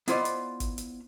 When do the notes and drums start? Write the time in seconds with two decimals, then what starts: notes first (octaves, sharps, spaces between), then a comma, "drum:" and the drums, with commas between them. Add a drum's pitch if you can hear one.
0.08 B3 E4 F4 C5 D5 D#5, drum: hi-hat
0.25 drum: hi-hat
0.60 drum: kick G1, hi-hat
0.78 drum: hi-hat